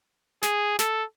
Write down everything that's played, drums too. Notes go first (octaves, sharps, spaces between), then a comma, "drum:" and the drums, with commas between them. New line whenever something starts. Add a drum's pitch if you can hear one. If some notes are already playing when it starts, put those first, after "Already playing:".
G#4, drum: snare
A4, drum: snare